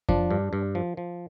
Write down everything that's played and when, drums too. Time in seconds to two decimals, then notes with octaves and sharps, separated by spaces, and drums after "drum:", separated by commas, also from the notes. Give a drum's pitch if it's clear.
0.09 F3 D4, drum: kick F2
0.31 G2
0.53 G2
0.75 F3
0.97 F3